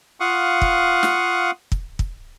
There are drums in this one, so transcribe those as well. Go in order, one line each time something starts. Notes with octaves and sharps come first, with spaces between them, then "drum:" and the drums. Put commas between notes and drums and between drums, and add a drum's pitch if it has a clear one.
F4 F5 F#5 C#6 D#6
drum: kick
drum: snare
drum: kick
drum: kick